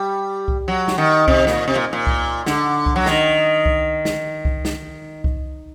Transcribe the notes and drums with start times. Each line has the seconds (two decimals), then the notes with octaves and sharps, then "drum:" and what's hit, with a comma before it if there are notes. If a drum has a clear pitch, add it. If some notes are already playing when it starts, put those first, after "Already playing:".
Already playing: G3
0.48 drum: kick C2
0.68 F#3
0.88 drum: snare
0.98 D#3
1.28 C3, drum: kick C2
1.47 A#2, drum: snare
1.68 C3
1.75 A#2
1.93 A#2
2.07 drum: kick C2
2.46 D3, drum: snare
2.86 drum: kick C2
2.96 F#3
3.06 D#3, drum: snare
3.66 drum: kick C2
4.05 drum: snare
4.45 drum: kick C2
4.65 drum: snare
5.24 drum: kick C2